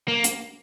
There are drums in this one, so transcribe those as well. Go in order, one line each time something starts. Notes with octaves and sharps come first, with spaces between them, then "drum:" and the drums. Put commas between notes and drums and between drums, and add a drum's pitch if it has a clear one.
A#3
drum: hi-hat